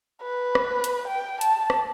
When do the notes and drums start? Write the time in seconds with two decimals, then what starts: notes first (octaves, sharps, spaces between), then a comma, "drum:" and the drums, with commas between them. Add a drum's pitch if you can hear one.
0.23 B4
0.55 drum: rim click
0.84 drum: hi-hat
1.08 G5
1.41 A5, drum: hi-hat
1.70 drum: rim click